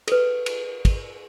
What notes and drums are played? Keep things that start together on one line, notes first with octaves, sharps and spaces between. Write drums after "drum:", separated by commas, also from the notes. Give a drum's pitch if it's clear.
A4 B4, drum: cymbal
drum: cymbal
drum: kick, cymbal